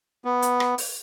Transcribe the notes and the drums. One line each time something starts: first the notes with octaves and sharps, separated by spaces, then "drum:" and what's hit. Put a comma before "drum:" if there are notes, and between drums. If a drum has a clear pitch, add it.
B3
drum: hi-hat
drum: rim click
drum: open hi-hat